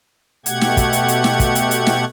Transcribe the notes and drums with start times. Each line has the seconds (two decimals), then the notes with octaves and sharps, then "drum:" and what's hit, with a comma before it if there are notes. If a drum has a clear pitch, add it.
0.46 B2 A3 G4 F#5 G#6, drum: hi-hat
0.61 drum: snare
0.77 drum: kick, hi-hat
0.93 drum: hi-hat
1.08 drum: hi-hat
1.24 drum: snare
1.40 drum: kick, hi-hat
1.55 drum: hi-hat
1.71 drum: hi-hat
1.87 drum: snare